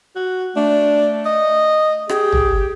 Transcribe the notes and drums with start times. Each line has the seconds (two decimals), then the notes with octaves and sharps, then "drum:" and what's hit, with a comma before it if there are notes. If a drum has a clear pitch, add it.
0.16 F#4
0.56 A3 D4
1.26 D#5
2.09 G4 G#4, drum: rim click
2.32 drum: tom